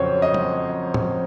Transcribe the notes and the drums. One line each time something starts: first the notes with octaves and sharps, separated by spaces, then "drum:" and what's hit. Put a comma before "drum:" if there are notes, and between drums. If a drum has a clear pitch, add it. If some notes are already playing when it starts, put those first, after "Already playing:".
Already playing: F2 C#3 F#3 C5 C#5
D#5
drum: tom
drum: tom A2